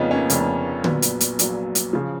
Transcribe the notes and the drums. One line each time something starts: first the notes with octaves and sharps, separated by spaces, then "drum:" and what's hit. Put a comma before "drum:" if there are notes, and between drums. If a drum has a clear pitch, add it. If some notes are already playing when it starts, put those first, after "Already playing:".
Already playing: F1 F2 C#3 B3 C#4 D#4 F4
A#3 C#4
F1 F2 C#3, drum: hi-hat
A#1 A#2 F#3 B3, drum: tom D3
drum: hi-hat
drum: hi-hat
A#1 A#2 F#3, drum: hi-hat
drum: hi-hat
C#3 F3